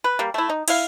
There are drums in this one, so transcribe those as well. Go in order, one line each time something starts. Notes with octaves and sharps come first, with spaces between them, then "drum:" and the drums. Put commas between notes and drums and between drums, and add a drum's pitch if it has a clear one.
B4
G3 A#3
A3 E4
D#4
E4 F5, drum: cymbal